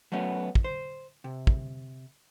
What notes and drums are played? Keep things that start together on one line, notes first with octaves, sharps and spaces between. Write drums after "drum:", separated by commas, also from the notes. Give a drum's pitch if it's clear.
F#3 A3 B3 C#4
drum: kick
C5
C3
drum: kick